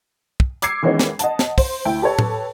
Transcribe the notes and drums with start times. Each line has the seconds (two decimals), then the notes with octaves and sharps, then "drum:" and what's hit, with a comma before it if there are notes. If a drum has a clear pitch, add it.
0.40 drum: kick
0.62 D6 E6 G#6 C7 C#7, drum: hi-hat
0.83 D#3 E3 G#3 B3 C#4 D#4
0.99 drum: snare
1.19 D#5 F#5 A5, drum: hi-hat
1.39 drum: snare
1.58 C5, drum: kick, open hi-hat
1.85 D2 E4 G5
2.02 G4 A4 B4 C#5
2.19 drum: tom